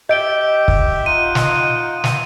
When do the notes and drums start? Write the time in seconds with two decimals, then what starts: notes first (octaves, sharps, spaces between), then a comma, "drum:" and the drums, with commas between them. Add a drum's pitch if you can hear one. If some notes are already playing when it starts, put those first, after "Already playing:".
0.09 G4 D#5 E5 G6 D7 G7
0.68 drum: kick
1.06 D#4 F4 F#5 D#7
1.35 drum: snare
2.04 drum: snare